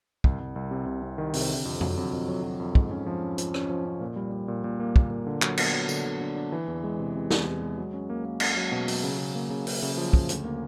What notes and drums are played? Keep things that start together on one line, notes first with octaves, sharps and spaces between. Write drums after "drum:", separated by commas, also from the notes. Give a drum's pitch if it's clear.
C2, drum: kick
C2
C2
C3
C2
C3
D#3
C3, drum: open hi-hat
D3
F2
F#3, drum: tom F2
F2
F2
F#3
F#3
F2
G#2, drum: kick
C#4
F3
C#4
F3, drum: hi-hat
C#4, drum: rim click
F3
C#4
A#2
G3
G3
A#2
A#2
A#3
A#2, drum: kick
A#3
D3
F#3, drum: clap
B3, drum: cymbal
F#3
D3, drum: tambourine
D3
D3
D4
E3
E2
G#3
C3
C3
E2, drum: snare
E2
G#3
F#3
C#4
A#3
A#3
C#4, drum: cymbal
F#3
B2
F#3, drum: open hi-hat
C#3
C#3
A#3
C#3
C#3, drum: open hi-hat
C#3
F3
C#3, drum: kick
D2, drum: hi-hat
A#3